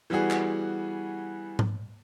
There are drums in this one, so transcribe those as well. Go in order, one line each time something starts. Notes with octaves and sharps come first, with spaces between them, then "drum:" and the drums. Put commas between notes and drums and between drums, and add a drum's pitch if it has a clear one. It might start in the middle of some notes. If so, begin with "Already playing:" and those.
E3 G3 B3 F#4 G#4
drum: clap
drum: tom G#2